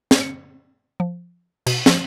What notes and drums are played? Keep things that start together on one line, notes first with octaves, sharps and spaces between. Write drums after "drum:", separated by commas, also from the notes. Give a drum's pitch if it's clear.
drum: snare
C#7
F3
B2, drum: cymbal
F3, drum: snare